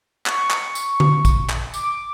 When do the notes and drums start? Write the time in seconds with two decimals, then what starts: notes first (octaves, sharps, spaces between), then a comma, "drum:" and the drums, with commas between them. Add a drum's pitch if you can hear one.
0.26 C#6, drum: clap
0.51 drum: clap
0.75 drum: tambourine
1.00 drum: tom D3
1.25 drum: kick, tambourine
1.50 drum: clap
1.74 D6, drum: tambourine